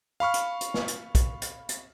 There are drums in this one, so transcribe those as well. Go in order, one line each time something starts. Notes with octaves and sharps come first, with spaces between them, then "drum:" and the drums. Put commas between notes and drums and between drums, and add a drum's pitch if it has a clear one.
F5 B5 C#6 F6
drum: hi-hat
drum: hi-hat
drum: snare
drum: hi-hat
drum: kick, hi-hat
drum: hi-hat
drum: hi-hat